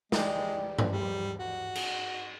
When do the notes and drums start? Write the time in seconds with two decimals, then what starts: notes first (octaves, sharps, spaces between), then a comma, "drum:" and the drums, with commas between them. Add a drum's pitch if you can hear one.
0.12 E2 G#3 G4 D5, drum: snare
0.79 drum: tom
0.91 G3
1.40 F#4
1.75 G#4, drum: cymbal